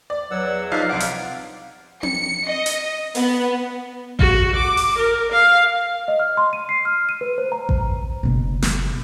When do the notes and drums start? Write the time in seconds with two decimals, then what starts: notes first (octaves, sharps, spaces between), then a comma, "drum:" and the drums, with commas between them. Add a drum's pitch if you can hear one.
0.10 D5
0.31 E2 F#3 F#5 E6
0.72 F3 D4 D#4 E5 F5 A5
0.89 C2 F#5 D6
1.00 drum: hi-hat
2.03 C#7, drum: tom C4
2.49 D#5
2.66 drum: hi-hat
3.15 B3, drum: open hi-hat
4.19 F#4, drum: kick A1
4.56 D6
4.77 drum: open hi-hat
4.98 A#4
5.32 F5
6.08 D#5
6.19 F6
6.37 C6
6.53 D#7
6.69 C7
6.85 F6
7.09 D#7
7.21 B4
7.38 C5
7.52 A#5
7.69 drum: kick A1
8.23 F#1 B2
8.62 drum: snare